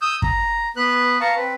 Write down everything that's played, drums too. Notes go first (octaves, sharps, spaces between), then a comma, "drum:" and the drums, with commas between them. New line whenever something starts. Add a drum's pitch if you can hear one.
D#6 E6 G6
A#5, drum: kick
B3 B4 F#6
F5 A5 A#5 C#6
C4 B4